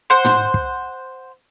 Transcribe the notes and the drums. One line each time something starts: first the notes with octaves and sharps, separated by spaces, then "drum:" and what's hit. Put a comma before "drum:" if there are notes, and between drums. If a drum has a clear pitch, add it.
C5 F#5
drum: tom
drum: kick